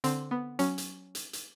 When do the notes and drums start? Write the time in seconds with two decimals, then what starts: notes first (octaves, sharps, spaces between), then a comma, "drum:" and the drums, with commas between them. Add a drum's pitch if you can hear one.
0.04 D3 C4, drum: hi-hat
0.31 B3
0.59 F#3 C#4, drum: hi-hat
0.78 drum: hi-hat
1.15 drum: hi-hat
1.33 drum: hi-hat